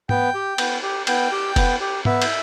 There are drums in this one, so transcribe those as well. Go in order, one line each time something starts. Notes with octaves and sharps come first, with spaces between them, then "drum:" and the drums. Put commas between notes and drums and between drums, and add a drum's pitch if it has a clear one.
B3 G5, drum: tom G#2
G4
B3, drum: cymbal
G4
B3 G5, drum: cymbal
G4
B3, drum: kick, cymbal
G4
B3 E5, drum: tom G#2
drum: cymbal